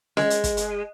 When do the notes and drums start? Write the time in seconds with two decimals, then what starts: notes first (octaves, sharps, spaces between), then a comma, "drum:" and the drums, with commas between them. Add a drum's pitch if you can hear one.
0.17 G#3, drum: snare C#4
0.30 drum: hi-hat
0.44 drum: kick, hi-hat
0.57 drum: hi-hat